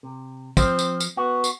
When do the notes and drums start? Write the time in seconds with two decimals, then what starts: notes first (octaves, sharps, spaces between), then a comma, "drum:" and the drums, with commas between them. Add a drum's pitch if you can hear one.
0.03 C3
0.57 F3 C4, drum: kick, tambourine
0.79 drum: tambourine
1.00 drum: tambourine
1.17 B3 F#4
1.44 drum: tambourine